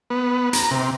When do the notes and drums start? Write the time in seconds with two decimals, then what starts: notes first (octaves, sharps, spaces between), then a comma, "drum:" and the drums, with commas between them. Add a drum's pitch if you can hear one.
0.10 B3
0.53 A#5, drum: hi-hat
0.71 C3